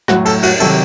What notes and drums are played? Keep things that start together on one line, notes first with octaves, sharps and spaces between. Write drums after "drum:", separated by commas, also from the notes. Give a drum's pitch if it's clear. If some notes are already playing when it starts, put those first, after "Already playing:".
A2 F#3 F#4, drum: rim click
A4, drum: cymbal
F#4, drum: cymbal
C3 D#3 F#3 A4, drum: cymbal